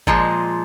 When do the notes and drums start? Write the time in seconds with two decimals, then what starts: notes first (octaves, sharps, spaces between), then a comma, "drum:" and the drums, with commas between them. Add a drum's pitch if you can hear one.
0.07 A#2 F3 G#3, drum: kick G#1